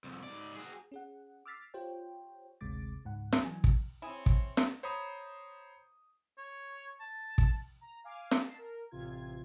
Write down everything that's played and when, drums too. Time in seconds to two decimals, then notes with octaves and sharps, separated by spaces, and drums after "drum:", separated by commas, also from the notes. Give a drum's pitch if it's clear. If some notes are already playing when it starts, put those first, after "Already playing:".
0.04 C2 F2
0.24 G#2 D5
0.56 F#4 G#4
0.92 C#4 G#4 F#5
1.46 D6 E6 F6 A6 B6 C7
1.74 F4 G4 C5 C#5 G5
2.61 G#1 D2 C3 G#3 D6 A6
3.05 C#2 G#2 F#5
3.33 drum: snare
3.43 E3 F#3 G#5
3.64 drum: kick
4.02 C4 E4 G#4 C#5
4.26 drum: kick
4.57 drum: snare
4.83 C5 C#5 A#5 B5 D#6
6.38 C#5
7.00 A5
7.38 drum: kick
7.81 A#5
8.04 F5 G#5 D6
8.31 drum: snare
8.43 A5 B6 C7
8.58 A#4
8.91 A1 C3 F4 G#6